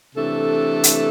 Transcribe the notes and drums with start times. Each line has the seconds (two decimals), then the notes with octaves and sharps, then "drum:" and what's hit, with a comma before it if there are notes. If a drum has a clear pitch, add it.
0.15 C3 E3 A3 D4 A4
0.84 drum: hi-hat